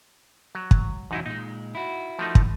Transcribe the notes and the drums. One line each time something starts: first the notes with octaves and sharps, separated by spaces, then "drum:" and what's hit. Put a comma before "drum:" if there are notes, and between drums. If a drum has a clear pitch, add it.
F#3
drum: kick
E2 G#2 B2 F#3 D#4 E4
A#2 G#3 D#4
E4 F#4
F3 A3 D#4
drum: kick